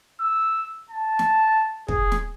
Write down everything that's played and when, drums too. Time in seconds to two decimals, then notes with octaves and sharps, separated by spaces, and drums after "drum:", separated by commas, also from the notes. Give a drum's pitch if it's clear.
0.21 E6
0.90 A5
1.19 drum: snare
1.88 G#4, drum: kick
2.12 drum: snare